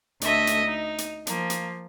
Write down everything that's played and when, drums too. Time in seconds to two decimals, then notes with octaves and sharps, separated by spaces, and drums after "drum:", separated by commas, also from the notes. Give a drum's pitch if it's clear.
0.21 D2 A3 D#5 E5, drum: hi-hat
0.47 drum: hi-hat
0.65 D#4
0.98 drum: hi-hat
1.27 F3 A#3, drum: hi-hat
1.50 drum: hi-hat